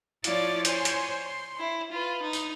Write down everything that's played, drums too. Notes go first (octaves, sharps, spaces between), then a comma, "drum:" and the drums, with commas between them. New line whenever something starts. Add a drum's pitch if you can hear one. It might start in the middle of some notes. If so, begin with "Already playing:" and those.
F3 E4 F4 C#5 D5 A6, drum: hi-hat
C5 C#5 G#5 C6, drum: hi-hat
drum: hi-hat
C6
E4
F4 B4
D#4
drum: tambourine